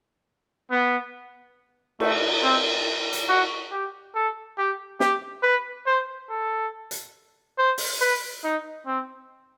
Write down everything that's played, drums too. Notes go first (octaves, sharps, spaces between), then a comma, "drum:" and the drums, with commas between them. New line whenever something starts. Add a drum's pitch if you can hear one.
B3
A3, drum: cymbal
C4
drum: hi-hat
F#4
G4
A4
G4
G4, drum: snare
B4
C5
A4
drum: hi-hat
C5
drum: open hi-hat
B4
D#4
C4